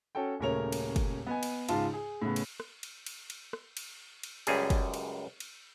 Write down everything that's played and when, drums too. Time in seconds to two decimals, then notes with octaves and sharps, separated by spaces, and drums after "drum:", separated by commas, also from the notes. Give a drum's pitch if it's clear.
0.15 C#4 F#4 A4 G5
0.40 D#1 C#3 A3 A#4 C#5 F7
0.72 drum: cymbal
0.96 drum: kick, cymbal
1.27 B3 D#5 G#5
1.43 drum: cymbal
1.69 C#2 G#2 F4 A5, drum: cymbal
1.94 G#4
2.22 A2 C#3 B3
2.36 drum: cymbal
2.60 drum: rim click
2.83 drum: cymbal
3.06 drum: cymbal
3.30 drum: cymbal
3.53 drum: rim click
3.77 drum: cymbal
4.23 drum: cymbal
4.47 C#2 F#2 G3 G#4, drum: cymbal
4.70 drum: kick, cymbal
4.94 drum: cymbal
5.40 drum: cymbal